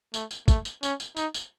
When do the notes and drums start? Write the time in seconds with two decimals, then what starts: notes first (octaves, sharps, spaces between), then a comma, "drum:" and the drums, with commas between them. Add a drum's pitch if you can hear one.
0.14 A3, drum: tambourine
0.31 drum: tambourine
0.48 A3, drum: kick, tambourine
0.65 drum: tambourine
0.83 C#4, drum: tambourine
1.00 drum: tambourine
1.17 D#4, drum: tambourine
1.34 drum: tambourine